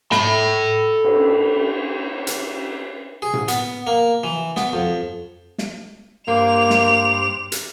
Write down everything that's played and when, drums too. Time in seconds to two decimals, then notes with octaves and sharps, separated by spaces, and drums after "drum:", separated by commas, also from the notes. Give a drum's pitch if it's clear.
0.12 A4 B5, drum: snare
1.05 drum: cymbal
2.27 drum: hi-hat
3.22 G#4
3.34 drum: tom A2
3.48 B3, drum: hi-hat
3.87 A#3
4.24 E3
4.56 B3, drum: snare
4.73 F2
5.58 drum: snare
6.28 G2 A#3 C5 D6 F7
6.70 drum: snare
7.52 drum: hi-hat